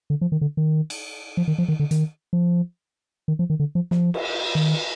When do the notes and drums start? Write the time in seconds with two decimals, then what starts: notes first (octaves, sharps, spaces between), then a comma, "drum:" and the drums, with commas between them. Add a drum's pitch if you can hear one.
0.10 D3
0.21 F3
0.32 D#3
0.41 D3
0.57 D#3
0.90 drum: cymbal
1.37 F3
1.48 D#3
1.58 F3
1.68 D#3
1.80 D3
1.91 D#3, drum: hi-hat
2.33 F3
3.28 D#3
3.39 F3
3.50 D#3
3.60 D3
3.75 F3
3.91 F3, drum: snare
4.14 drum: cymbal
4.55 D#3